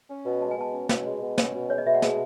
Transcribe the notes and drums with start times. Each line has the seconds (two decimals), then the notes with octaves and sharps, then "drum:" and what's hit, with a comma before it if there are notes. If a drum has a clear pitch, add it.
0.10 C#4
0.25 B2
0.42 G#3 A5
0.51 G#5
0.57 B2 A5
0.73 C#4
0.89 B2, drum: snare
1.05 G#3
1.22 B2
1.38 C#4, drum: snare
1.54 B2
1.70 G#3 C#5
1.78 D#5
1.86 B2 E5
1.95 F#5
2.02 G#3 G#5, drum: snare